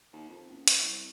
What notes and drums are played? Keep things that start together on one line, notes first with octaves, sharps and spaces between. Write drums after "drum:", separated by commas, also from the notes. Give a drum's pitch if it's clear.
D#2
F2
F#1
drum: hi-hat
C2